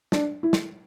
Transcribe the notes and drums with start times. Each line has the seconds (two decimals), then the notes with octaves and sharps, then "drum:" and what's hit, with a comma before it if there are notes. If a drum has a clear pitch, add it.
0.12 D4, drum: snare
0.43 E4
0.53 drum: snare